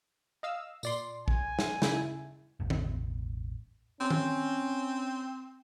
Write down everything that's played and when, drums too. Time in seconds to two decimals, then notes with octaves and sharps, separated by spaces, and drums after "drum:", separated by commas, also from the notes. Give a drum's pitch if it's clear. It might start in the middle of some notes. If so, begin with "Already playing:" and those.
0.43 D#5 F5 E6
0.83 A#2 D5 C6, drum: tambourine
1.28 G#5, drum: kick
1.59 drum: snare
1.82 C#3 E4, drum: snare
2.60 E1 A1
2.70 drum: tom D3
4.01 C4 C#4
4.10 drum: tom D#3